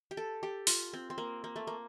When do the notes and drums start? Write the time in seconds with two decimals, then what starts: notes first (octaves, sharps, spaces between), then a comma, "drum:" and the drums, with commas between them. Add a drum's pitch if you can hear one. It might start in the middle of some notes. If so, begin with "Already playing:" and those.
0.11 G4
0.17 A4
0.43 G4
0.67 F4, drum: open hi-hat
0.93 C4
1.10 C4
1.18 A#3
1.44 A#3
1.56 A3
1.67 A#3